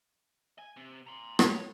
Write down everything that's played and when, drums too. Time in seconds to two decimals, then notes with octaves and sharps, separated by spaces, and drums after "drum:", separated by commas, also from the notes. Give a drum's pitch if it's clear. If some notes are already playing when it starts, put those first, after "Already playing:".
0.59 G#5
0.77 C3
1.07 A#5 C6
1.39 C#5, drum: rim click